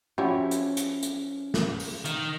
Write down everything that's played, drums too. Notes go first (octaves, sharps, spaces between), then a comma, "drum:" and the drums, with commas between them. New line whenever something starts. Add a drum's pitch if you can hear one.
F3 C#4 E4 F#4 G4 C#5
drum: hi-hat
drum: hi-hat
drum: hi-hat
drum: snare
drum: open hi-hat
D#3, drum: hi-hat